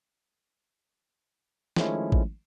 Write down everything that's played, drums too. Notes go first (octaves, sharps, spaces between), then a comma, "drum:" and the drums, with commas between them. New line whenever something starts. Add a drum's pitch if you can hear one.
D#3 F3 G#3 A3 C#4 E4, drum: snare
drum: kick